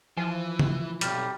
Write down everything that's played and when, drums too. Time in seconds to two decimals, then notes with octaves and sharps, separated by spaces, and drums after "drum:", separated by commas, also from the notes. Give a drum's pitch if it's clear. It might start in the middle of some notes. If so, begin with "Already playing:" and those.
0.17 E3 F3 G#5
0.59 drum: tom C#3
1.01 B1 C3 G3 F6 E7, drum: hi-hat